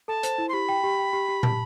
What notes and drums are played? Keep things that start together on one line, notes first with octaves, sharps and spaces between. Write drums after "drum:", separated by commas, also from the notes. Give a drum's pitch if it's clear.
A4 A5
C5, drum: hi-hat
E4
C6
G4 B5
G5
G4
G5
G4
G4
A5, drum: tom